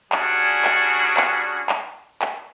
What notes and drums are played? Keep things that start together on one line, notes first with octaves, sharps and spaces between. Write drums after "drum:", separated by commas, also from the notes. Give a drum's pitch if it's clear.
G3 C#4 D4 F#4 G#4, drum: clap
drum: clap
drum: clap
drum: clap
drum: clap